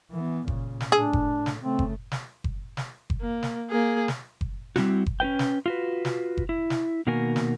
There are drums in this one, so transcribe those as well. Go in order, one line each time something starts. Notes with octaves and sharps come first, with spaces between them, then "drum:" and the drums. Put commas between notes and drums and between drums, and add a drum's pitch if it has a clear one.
E3 B3
A#2 C#3, drum: kick F#1
drum: snare
A2 D4 G#4
drum: kick F#1
drum: snare
C#3 A3 C4
drum: kick F#1
drum: snare
drum: kick F#1
drum: snare
drum: kick F#1
A#3
drum: snare
A#3 G#4
drum: snare
drum: kick F#1
G3 C4 E4 F#4, drum: snare
drum: kick F#1
C#4 D#4 B4 G5
drum: snare
F4 F#4 B4
drum: snare
drum: kick F#1
E4
drum: snare
B2 D#3 A#3 F#4 A#4 G#5
drum: snare